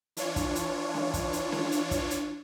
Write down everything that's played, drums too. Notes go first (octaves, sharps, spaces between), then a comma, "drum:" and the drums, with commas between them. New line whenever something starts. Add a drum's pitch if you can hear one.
E3 D4 F4 C#5, drum: hi-hat
drum: kick, hi-hat
drum: hi-hat
drum: snare C#4
drum: kick, hi-hat
drum: hi-hat
drum: snare C#4
drum: hi-hat
drum: kick, hi-hat
drum: hi-hat